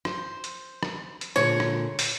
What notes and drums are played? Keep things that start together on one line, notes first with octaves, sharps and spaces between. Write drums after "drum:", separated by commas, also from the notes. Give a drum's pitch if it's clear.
C5, drum: rim click
drum: hi-hat
drum: rim click
drum: hi-hat
A#2 D3 G#3 C#5
drum: rim click
drum: open hi-hat